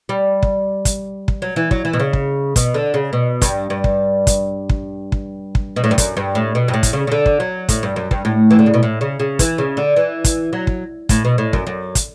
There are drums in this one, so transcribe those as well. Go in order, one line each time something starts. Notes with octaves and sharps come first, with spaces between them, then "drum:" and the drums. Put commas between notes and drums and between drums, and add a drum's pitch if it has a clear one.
G3
drum: kick
drum: kick, hi-hat
drum: kick
F#3
E3
F#3, drum: kick
E3
B2
C#3
drum: kick
B2, drum: kick, hi-hat
D3
C#3
B2
G2, drum: kick, hi-hat
G2
drum: kick
drum: kick, hi-hat
drum: kick
drum: kick
drum: kick
B2
A2
G2
F#2, drum: kick, hi-hat
G2
A2
B2
G2
A2
drum: kick, hi-hat
C#3
C#3
D3
drum: kick
F#3
A2, drum: kick, hi-hat
G2
F#2
G2, drum: kick
A2
E3
D3
C#3
B2
A2
C#3
C#3
E3, drum: kick, hi-hat
C#3
D3
E3
drum: kick, hi-hat
F#3
drum: kick
A2, drum: kick, hi-hat
B2
A2
F#2, drum: kick
F#2
drum: kick, hi-hat